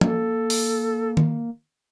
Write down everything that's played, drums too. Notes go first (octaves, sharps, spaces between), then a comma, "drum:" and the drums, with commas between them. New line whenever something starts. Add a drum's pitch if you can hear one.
A#3 A4, drum: tom F3
drum: open hi-hat
drum: tom D#3